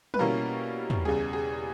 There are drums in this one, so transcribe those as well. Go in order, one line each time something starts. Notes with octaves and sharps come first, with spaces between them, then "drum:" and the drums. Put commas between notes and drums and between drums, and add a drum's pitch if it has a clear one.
B4, drum: tom
B2 G3 A#3 C#4 E4 A#4
drum: tom
E2 C#3 G3 G#4
G#4